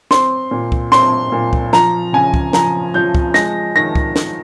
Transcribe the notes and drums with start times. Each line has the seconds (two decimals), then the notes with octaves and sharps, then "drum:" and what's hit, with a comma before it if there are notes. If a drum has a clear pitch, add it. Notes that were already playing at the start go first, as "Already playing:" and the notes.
0.11 C4 C6, drum: snare
0.51 A#2
0.72 drum: kick
0.92 C4 C6, drum: snare
1.32 A#2
1.53 drum: kick
1.73 F3 A#5, drum: snare
2.13 C#3 G#5
2.34 drum: kick
2.53 F3 A#5, drum: snare
2.94 F3 G6
3.15 drum: kick
3.34 G#3 A#6, drum: snare
3.75 D#3 A#6
3.95 drum: kick
4.16 drum: snare